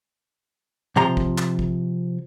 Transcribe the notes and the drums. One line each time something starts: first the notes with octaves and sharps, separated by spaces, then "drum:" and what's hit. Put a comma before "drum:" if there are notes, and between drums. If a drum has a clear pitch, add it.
C3 F3 A#5 C6
drum: kick
drum: clap
drum: kick